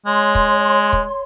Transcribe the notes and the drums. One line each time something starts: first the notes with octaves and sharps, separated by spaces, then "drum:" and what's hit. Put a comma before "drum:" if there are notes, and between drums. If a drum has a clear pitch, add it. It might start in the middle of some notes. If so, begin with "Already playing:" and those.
G#3 C#5 C6
drum: kick
drum: kick